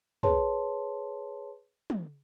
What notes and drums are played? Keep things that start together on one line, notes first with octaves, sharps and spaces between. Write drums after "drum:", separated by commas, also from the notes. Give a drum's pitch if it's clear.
G#4 B4 C#5 A5 C6, drum: tom
drum: tom